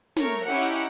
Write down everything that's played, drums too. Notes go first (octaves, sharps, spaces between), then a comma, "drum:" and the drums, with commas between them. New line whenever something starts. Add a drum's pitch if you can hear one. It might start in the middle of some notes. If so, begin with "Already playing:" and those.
A3 A#4 C#5, drum: snare
C#4 D#4 E4 G4 F#5